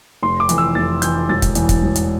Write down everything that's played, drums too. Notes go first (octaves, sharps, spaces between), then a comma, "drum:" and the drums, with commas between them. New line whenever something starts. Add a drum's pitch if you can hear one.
F1 C6
D6
F2 E3, drum: hi-hat
E6
F1 A6
F2 E3 G6, drum: hi-hat
E1 A6
drum: kick, hi-hat
E2 E3, drum: hi-hat
drum: kick, hi-hat
E1
drum: hi-hat